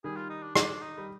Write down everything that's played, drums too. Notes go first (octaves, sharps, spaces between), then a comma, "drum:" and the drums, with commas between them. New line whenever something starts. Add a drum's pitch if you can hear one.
D#3 G3 G#4
F4
D#4
D4
D4, drum: rim click
D#4
G3